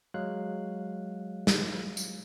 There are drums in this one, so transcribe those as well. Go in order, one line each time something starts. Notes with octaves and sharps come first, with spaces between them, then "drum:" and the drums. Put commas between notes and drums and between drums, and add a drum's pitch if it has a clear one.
F#3 G#3 F5 F#6
drum: snare
drum: tambourine